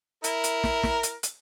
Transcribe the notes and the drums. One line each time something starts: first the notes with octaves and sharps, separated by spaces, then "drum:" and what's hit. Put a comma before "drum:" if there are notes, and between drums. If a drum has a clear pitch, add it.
E4 A#4, drum: hi-hat
drum: hi-hat
drum: snare
drum: snare
drum: hi-hat
drum: hi-hat